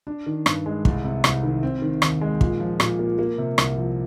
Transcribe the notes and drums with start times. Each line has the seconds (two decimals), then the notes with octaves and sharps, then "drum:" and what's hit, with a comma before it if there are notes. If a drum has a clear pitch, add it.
0.07 D4
0.26 D#3
0.46 G2, drum: rim click
0.66 G#3
0.85 C2, drum: kick
1.04 C3
1.24 C2, drum: rim click
1.43 D#3
1.63 C4
1.82 D#3
2.02 D#2, drum: rim click
2.21 G#3
2.41 A#2, drum: kick
2.60 F3
2.80 A#2, drum: rim click
2.99 A#3
3.19 A#3
3.38 C3
3.58 C2, drum: rim click
3.77 F3